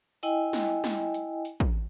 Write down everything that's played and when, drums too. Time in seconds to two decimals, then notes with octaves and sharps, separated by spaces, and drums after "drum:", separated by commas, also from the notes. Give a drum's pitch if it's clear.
0.23 E4 D#5 G5 G#5, drum: hi-hat
0.53 drum: snare
0.84 drum: snare
1.14 drum: hi-hat
1.45 drum: hi-hat
1.60 drum: kick